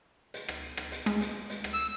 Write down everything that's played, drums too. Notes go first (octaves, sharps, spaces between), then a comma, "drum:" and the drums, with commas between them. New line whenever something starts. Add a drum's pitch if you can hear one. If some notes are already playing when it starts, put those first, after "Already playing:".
drum: hi-hat
drum: rim click
drum: rim click
drum: hi-hat
G#3, drum: rim click
drum: hi-hat
drum: hi-hat
drum: rim click
E6